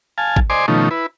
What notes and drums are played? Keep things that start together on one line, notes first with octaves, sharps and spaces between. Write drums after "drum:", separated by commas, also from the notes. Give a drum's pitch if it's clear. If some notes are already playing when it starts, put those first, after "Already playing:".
F5 G#5 A5
drum: kick
C5 D5 D#5 G#5 C6 D6
B2 D#3 F3 A3 C#4 D#4
E4 B4